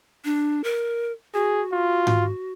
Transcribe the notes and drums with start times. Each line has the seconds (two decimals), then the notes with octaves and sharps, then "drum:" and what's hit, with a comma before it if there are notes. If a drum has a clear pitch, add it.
0.25 D4
0.64 A#4
1.34 F#4 G#4
1.72 F4
2.07 drum: tom G#2